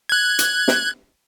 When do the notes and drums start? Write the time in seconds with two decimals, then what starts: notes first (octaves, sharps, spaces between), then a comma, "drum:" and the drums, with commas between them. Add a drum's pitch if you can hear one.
0.09 F#6 G#6
0.39 drum: hi-hat
0.68 drum: snare